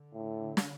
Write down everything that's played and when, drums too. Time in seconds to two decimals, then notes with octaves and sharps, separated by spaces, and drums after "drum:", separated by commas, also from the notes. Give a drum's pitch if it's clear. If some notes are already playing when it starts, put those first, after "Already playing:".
Already playing: D3
0.14 A2
0.57 drum: snare